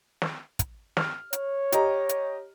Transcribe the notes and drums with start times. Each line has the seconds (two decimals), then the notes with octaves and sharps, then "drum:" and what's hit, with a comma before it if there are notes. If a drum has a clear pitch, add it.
0.22 drum: snare
0.59 drum: kick, hi-hat
0.97 F6, drum: snare
1.33 C#5, drum: hi-hat
1.72 G4 D#5 A#5, drum: hi-hat
2.09 drum: hi-hat